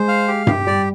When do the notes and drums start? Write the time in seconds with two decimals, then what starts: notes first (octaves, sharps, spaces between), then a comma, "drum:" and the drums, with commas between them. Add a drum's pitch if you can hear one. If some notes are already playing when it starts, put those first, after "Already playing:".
Already playing: G#3 C5
0.08 F5
0.28 G4
0.47 G4, drum: tom G2
0.67 G3 D5